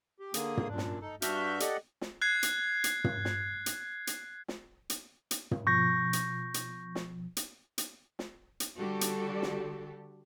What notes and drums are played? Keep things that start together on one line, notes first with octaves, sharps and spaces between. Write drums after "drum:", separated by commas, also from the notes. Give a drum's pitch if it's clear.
G4
D3 A#3 G#4 D#6, drum: hi-hat
drum: tom
F#2 A#2 D4
drum: snare
D#4 A4
G2 D4 F#4 E5 F6 G6, drum: hi-hat
G4 A4 D5 D#5 F#5, drum: hi-hat
drum: snare
F#6 G#6 C7
drum: hi-hat
drum: hi-hat
drum: tom
drum: snare
drum: hi-hat
drum: hi-hat
drum: snare
drum: hi-hat
drum: hi-hat
drum: tom
B2 F3 C#6 G6 A#6
drum: hi-hat
drum: hi-hat
drum: snare
drum: hi-hat
drum: hi-hat
drum: snare
drum: hi-hat
D3 G3 F#4 G4 A4
drum: hi-hat
drum: snare